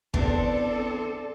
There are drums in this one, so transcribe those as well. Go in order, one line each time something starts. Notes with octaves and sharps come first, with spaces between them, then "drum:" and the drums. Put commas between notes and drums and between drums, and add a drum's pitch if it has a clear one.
E2 C4 D4 A4, drum: kick